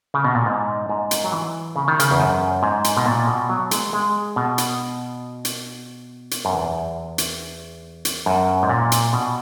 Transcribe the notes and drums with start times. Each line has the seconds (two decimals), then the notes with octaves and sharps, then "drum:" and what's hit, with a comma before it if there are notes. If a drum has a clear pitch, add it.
0.14 C#3
0.24 B2
0.35 A#2
0.46 G#2
0.89 G#2
1.11 drum: hi-hat
1.24 F#3
1.32 E3
1.76 C#3
1.88 D#3
2.00 C#3, drum: hi-hat
2.11 E2
2.20 F#2
2.63 G#2
2.84 drum: hi-hat
2.97 B2
3.06 A#2
3.28 B2
3.49 F#3
3.71 G#3, drum: hi-hat
3.93 G#3
4.36 B2
4.58 drum: hi-hat
5.45 drum: hi-hat
6.31 drum: hi-hat
6.45 F#2
6.53 E2
7.18 drum: hi-hat
8.05 drum: hi-hat
8.26 F#2
8.63 G#2
8.69 A#2
8.92 drum: hi-hat
9.13 B2